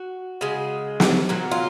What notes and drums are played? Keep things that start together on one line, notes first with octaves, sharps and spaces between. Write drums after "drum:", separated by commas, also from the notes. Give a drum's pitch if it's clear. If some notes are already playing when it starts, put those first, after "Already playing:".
Already playing: F#4
C#3 G#3
drum: snare
A#2 F#3
F4